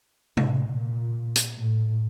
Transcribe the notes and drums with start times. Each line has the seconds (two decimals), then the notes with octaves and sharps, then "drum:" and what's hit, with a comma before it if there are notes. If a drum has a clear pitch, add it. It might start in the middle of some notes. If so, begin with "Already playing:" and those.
0.37 A2, drum: tom C3
0.69 A#2
1.35 drum: hi-hat
1.57 A2